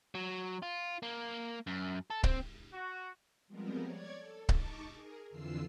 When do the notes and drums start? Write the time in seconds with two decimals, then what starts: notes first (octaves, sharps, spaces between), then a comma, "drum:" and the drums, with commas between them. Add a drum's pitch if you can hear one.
0.15 F#3
0.62 F4
1.03 A#3
1.67 F#2
2.10 A4
2.23 C4, drum: kick C#1
2.73 F#4
3.48 F3 G3 G#3 B3 C4 A#4
3.81 C#5 D5 G#6
4.17 A4
4.49 D#4 A5 C#6 D6, drum: kick C#1
4.92 G#4 A#4
5.30 F2 D3 E3 F4 E6 C7